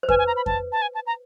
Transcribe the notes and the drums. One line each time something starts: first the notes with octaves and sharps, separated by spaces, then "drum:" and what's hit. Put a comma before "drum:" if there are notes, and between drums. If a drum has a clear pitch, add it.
C5
B4 G#5, drum: kick F2
G#5
A#5
B5
A5, drum: kick F2
A5
G#5
A5
A#5